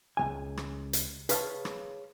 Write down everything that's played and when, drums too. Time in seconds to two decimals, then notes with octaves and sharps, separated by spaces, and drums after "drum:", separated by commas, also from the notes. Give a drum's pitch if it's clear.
0.17 C#2 E3 G#5
0.57 drum: rim click
0.93 drum: hi-hat
1.29 G#4 B4 C#5 F5 G#5 A5, drum: hi-hat
1.65 drum: rim click